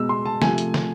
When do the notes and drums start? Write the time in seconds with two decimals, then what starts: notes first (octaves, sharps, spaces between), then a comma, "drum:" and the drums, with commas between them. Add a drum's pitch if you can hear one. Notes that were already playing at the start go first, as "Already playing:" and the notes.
Already playing: B2 G#3 B3 E6
0.09 C6
0.26 A5
0.42 C3 F3 A3 G#5, drum: snare
0.58 drum: hi-hat
0.74 drum: snare